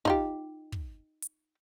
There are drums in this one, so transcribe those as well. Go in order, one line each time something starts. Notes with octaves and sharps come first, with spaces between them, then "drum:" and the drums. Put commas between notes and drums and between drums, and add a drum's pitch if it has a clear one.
D#4 F4 G4, drum: kick
drum: kick
drum: hi-hat